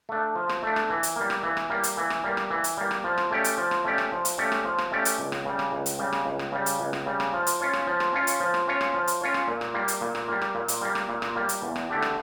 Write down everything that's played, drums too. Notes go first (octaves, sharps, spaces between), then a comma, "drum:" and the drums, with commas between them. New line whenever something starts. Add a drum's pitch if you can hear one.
A3 D4
F3
drum: rim click
A3 D4
drum: rim click
E3
drum: hi-hat
G3 A#3
drum: rim click
E3
drum: rim click
G3 A#3
drum: hi-hat
E3
drum: rim click
G3 A#3
drum: rim click
E3
drum: hi-hat
G3 A#3
drum: rim click
F3
drum: rim click
A3 C#4 G4 D5
drum: hi-hat
F3
drum: rim click
A3 C#4 G4 D5
drum: rim click
F3
drum: hi-hat
A3 C#4 G4 D5
drum: rim click
F3
drum: rim click
A3 C#4 G4 D5
drum: hi-hat
C#2
drum: rim click
C#3 G3
drum: rim click
C#2
drum: hi-hat
C#3 G3
drum: rim click
C#2
drum: rim click
C#3 G3
drum: hi-hat
C#2
drum: rim click
C#3 G3
drum: rim click
F3
drum: hi-hat
C#4 F4 C#5
drum: rim click
F3
drum: rim click
C#4 F4 C#5
drum: hi-hat
F3
drum: rim click
C#4 F4 C#5
drum: rim click
F3
drum: hi-hat
C#4 F4 C#5
drum: rim click
A#2
drum: rim click
G3 A#3
drum: hi-hat
A#2
drum: rim click
G3 A#3
drum: rim click
A#2
drum: hi-hat
G3 A#3
drum: rim click
A#2
drum: rim click
G3 A#3
drum: hi-hat
E2
drum: rim click
D3 A3 D4 G4
drum: rim click